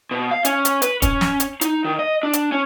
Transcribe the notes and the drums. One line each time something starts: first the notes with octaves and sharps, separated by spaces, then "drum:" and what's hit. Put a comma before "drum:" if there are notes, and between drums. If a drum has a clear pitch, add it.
B2
F5
C#4, drum: hi-hat
drum: hi-hat
B4, drum: hi-hat
C#4, drum: kick, hi-hat
drum: snare
drum: hi-hat
D#4, drum: hi-hat
D#3
D#5
D4
drum: hi-hat
C#4